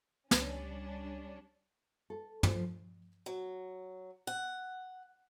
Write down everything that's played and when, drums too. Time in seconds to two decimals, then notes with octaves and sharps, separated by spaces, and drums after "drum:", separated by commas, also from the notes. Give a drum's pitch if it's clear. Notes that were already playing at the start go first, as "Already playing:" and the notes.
0.31 C#2 G3 C#4 D4, drum: snare
2.10 A4
2.43 F3, drum: tom
3.26 F#3
4.27 F#5